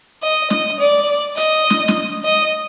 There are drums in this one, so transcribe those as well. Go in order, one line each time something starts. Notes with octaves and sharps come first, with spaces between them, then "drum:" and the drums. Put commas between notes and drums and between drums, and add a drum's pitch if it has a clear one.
D#5
D#5, drum: snare
D5
D#5, drum: hi-hat
drum: snare
drum: snare
D#5